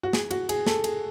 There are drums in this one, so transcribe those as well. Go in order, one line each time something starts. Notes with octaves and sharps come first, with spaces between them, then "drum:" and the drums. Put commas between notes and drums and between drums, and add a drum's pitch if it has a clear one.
F#4
G#4, drum: snare
F#4, drum: cymbal
G#4, drum: cymbal
A4, drum: snare
G#4, drum: cymbal